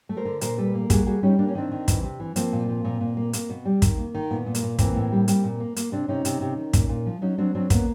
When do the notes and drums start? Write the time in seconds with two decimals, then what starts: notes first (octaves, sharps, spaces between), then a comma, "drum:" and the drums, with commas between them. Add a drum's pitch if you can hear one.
0.09 A3
0.17 A#4 C5
0.25 D3
0.41 A#2 A#4 C5, drum: hi-hat
0.58 G3 A4 B4
0.74 A#3
0.90 G3 F#4 G#4, drum: kick, hi-hat
1.06 G3 F#4 G#4
1.23 G3 C#4 D#4
1.39 A#3 D4
1.48 C#4
1.55 D#3 C4 D4
1.72 D#3
1.88 E3, drum: kick, hi-hat
2.03 C3
2.20 E3
2.36 F3 A#3 C4, drum: hi-hat
2.52 A#2
2.69 F3
2.84 A#2
3.01 A#2
3.17 A#3
3.33 A#3, drum: hi-hat
3.50 B2
3.65 G3
3.82 D#3, drum: kick, hi-hat
3.98 A#3
4.15 D#3
4.31 A#2 B3
4.46 A#2
4.55 A#3, drum: hi-hat
4.63 A#2
4.79 E3 A#3 C4, drum: kick, hi-hat
4.96 A2
5.12 G3
5.28 G3, drum: hi-hat
5.44 A#2
5.60 A#3
5.76 A#3, drum: hi-hat
5.92 C3 C4 D4
6.08 C3 C#4 D#4
6.25 C3, drum: hi-hat
6.41 C3
6.57 D#3
6.73 A#2, drum: kick, hi-hat
6.89 A#2
7.06 F3
7.22 F#3 C#4 D#4
7.38 F#3 C4 D4
7.55 F#3 C4 D4
7.70 A#3 B3 C#4, drum: kick, hi-hat